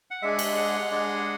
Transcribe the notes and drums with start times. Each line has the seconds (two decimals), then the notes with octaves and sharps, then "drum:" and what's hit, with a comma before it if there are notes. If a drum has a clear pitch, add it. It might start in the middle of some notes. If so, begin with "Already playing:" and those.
0.11 F#5
0.22 G#3 D4 G#4 E5
0.39 drum: cymbal
0.56 F#5
0.91 G#3 D4 G#4